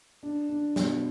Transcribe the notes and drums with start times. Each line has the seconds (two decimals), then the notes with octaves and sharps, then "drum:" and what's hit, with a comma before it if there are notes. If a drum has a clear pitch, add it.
0.23 D4
0.49 D4
0.76 B2, drum: snare